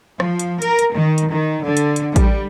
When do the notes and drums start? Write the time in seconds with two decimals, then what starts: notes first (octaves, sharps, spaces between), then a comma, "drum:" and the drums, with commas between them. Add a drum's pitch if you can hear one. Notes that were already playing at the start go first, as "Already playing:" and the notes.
0.20 F3, drum: rim click
0.39 drum: hi-hat
0.62 A#4, drum: hi-hat
0.79 drum: hi-hat
0.93 D#3
1.18 drum: hi-hat
1.29 D#3
1.64 D3
1.77 drum: hi-hat
1.96 drum: hi-hat
2.16 G3, drum: kick A1, hi-hat